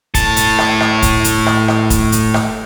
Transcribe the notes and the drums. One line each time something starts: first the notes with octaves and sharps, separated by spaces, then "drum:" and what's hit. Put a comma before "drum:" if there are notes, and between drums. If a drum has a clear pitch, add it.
A2 A5, drum: kick, hi-hat
drum: hi-hat
drum: rim click
drum: rim click
drum: kick, hi-hat
drum: hi-hat
drum: rim click
drum: rim click
drum: kick, hi-hat
drum: hi-hat
drum: rim click